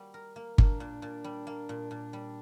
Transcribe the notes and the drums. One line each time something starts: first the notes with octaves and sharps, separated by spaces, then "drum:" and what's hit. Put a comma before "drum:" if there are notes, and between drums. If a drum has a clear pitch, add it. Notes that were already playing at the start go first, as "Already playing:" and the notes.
Already playing: G3 A#3 F#4
A#4
A#3
A#3 D4, drum: kick G1
A#2
A#2
G3
A#3
A#2
A#2
G3